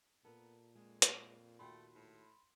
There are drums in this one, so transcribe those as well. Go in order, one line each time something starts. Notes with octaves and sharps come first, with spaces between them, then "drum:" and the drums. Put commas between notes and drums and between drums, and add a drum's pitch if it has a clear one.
A#2 B3 A4 A#4
F2 G#3
drum: hi-hat
D#2 A3 F#4 G5 B5 C6
A2